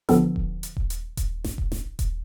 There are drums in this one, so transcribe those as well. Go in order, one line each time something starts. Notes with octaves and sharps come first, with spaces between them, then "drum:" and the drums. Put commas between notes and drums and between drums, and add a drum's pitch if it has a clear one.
D3 F3 B3 A4, drum: snare A1
drum: kick D#1
drum: hi-hat
drum: kick D#1
drum: hi-hat
drum: kick D#1, hi-hat
drum: snare A1
drum: kick D#1
drum: snare A1
drum: kick D#1, hi-hat